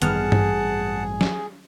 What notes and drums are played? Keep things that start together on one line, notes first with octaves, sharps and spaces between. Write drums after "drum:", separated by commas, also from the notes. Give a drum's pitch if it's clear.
A1 G2 D#3 B3 G#4 F#5 A5 F6, drum: hi-hat
drum: tom G2
drum: snare